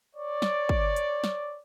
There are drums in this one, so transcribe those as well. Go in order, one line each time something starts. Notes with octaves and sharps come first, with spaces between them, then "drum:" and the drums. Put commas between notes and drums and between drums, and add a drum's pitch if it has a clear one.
C#5 D5
drum: snare
drum: kick
drum: hi-hat
drum: snare